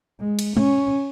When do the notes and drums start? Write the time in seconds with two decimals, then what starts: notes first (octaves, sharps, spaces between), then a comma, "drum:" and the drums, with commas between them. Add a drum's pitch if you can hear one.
0.20 G#3
0.39 drum: cymbal
0.57 C#4, drum: tom G#3